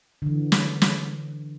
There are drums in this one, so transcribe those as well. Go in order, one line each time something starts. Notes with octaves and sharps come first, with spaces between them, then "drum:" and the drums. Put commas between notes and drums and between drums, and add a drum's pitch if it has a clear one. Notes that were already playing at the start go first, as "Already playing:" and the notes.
D3 E3
drum: snare
drum: snare